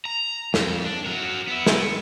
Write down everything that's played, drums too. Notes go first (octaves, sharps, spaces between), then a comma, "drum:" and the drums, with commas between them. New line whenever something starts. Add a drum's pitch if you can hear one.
A#5
F2, drum: snare
D4
F#3 A#4
B3 E4
drum: snare